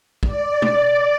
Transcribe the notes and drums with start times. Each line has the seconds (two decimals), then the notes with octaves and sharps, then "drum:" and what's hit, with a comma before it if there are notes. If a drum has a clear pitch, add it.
0.23 D5, drum: kick
0.62 drum: tom